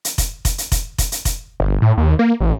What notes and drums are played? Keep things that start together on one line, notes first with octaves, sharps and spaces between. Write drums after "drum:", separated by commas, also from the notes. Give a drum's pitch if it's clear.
drum: hi-hat
drum: kick F1, hi-hat
drum: kick F1, hi-hat
drum: hi-hat
drum: kick F1, hi-hat
drum: kick F1, hi-hat
drum: hi-hat
drum: kick F1, hi-hat
G1
A2
D#2
A#3
A1